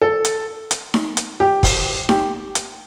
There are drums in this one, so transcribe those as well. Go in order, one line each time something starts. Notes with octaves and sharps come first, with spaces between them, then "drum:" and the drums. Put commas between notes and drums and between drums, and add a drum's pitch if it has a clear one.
A4
drum: hi-hat
drum: hi-hat
drum: snare D#4
drum: hi-hat
G4
drum: kick, open hi-hat
G4, drum: snare D#4
drum: hi-hat